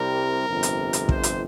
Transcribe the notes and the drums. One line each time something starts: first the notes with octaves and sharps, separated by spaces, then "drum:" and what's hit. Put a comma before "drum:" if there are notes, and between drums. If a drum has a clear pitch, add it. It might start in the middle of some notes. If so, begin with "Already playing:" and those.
Already playing: C2 C3 G3 A#4
G1 F2 C3
drum: hi-hat
drum: hi-hat
C5, drum: kick
drum: hi-hat